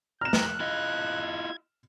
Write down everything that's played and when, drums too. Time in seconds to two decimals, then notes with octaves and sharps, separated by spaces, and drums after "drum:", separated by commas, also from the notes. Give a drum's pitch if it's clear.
0.21 A#5 F6 F#6 E7
0.33 drum: snare
0.60 E4 F4 D#5 G#6